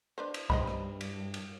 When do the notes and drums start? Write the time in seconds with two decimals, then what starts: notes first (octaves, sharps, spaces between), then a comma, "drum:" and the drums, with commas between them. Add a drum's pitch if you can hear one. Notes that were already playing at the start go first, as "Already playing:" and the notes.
0.18 D4 B4 C5
0.34 drum: cymbal
0.50 G2 D#4 C5 D#5 B5, drum: kick C2
0.67 drum: rim click
1.01 drum: cymbal
1.34 drum: cymbal